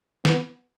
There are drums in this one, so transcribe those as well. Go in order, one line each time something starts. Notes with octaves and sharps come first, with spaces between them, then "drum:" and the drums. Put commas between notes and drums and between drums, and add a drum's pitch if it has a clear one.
B3, drum: snare